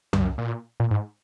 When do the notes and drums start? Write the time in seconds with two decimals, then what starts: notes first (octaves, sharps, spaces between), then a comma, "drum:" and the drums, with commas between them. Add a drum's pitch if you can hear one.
0.13 G2, drum: tom C2
0.21 F#2
0.38 A#2
0.80 A#2
0.91 G#2